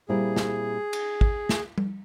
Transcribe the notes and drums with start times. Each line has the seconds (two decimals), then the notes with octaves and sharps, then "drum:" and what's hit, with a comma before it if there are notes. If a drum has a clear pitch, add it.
0.09 A#2 G3 C4 E4 G#4 A#4
0.36 drum: snare
0.93 drum: cymbal
1.21 drum: kick
1.49 drum: snare
1.78 drum: tom G3